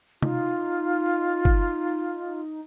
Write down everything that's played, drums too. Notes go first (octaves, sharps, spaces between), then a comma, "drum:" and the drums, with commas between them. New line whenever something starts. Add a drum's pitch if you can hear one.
D#4 F4, drum: tom C3
drum: kick